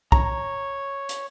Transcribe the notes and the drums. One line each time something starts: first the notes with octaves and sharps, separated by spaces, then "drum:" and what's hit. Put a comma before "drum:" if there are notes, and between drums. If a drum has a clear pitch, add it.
C#5 A#5, drum: kick
drum: hi-hat